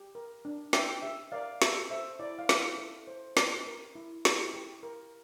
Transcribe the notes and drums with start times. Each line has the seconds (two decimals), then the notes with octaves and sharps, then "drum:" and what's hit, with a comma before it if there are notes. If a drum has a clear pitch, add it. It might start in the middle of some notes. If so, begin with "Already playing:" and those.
Already playing: G4
0.15 A#4
0.45 D4
0.73 D4 E5 G5, drum: snare
1.02 G4 E5
1.32 A#4 D5 F5
1.62 A4 E5, drum: snare
1.90 C5 E5
2.19 E4 D5
2.39 F5
2.49 E4 E5, drum: snare
2.78 A4
3.07 C5
3.37 G4, drum: snare
3.67 A#4
3.95 E4
4.25 E4, drum: snare
4.54 G4
4.83 A#4